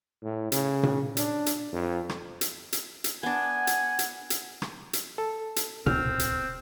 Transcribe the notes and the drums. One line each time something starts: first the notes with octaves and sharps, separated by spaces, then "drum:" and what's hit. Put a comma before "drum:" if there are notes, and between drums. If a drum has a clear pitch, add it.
A2
C#3, drum: hi-hat
drum: tom A#2
D4, drum: hi-hat
drum: hi-hat
F2
drum: rim click
drum: hi-hat
drum: hi-hat
drum: hi-hat
B3 D4 F#5 G#5
drum: hi-hat
drum: hi-hat
drum: hi-hat
drum: rim click
drum: hi-hat
A4
drum: hi-hat
D1 C2 B2 C4 F6, drum: tom A#2
drum: hi-hat